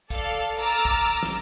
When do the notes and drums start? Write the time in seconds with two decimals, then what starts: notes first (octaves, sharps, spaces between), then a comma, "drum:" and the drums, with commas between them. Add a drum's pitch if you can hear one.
0.10 A4 D5 F5, drum: kick, hi-hat
0.58 A#5 D6 E6 F6 A6
0.85 drum: kick
1.23 drum: snare